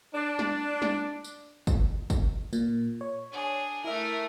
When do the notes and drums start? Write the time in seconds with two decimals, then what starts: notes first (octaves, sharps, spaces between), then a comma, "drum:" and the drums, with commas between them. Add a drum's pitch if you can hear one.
0.14 D4
0.39 drum: snare
0.82 drum: snare
1.24 drum: tambourine
1.67 drum: kick, tambourine
2.10 drum: kick, tambourine
2.53 A#2, drum: tambourine
3.01 C#5
3.32 D4 G#4
3.84 A3 E4 A#4 E5